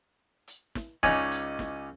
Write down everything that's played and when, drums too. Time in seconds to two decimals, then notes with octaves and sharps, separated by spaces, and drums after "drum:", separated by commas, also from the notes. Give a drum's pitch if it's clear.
0.47 drum: hi-hat
0.75 drum: snare
1.03 C#2 C#4 D#4 C#5 D5 G#5, drum: kick, hi-hat
1.31 drum: hi-hat
1.59 drum: snare